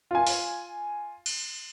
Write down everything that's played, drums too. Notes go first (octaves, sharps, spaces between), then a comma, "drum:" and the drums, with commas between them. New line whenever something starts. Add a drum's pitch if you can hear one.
F4 G#5
drum: open hi-hat
drum: cymbal